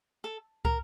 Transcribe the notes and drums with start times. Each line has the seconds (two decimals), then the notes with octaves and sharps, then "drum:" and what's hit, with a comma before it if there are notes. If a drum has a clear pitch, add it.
0.24 A4
0.65 A#4, drum: kick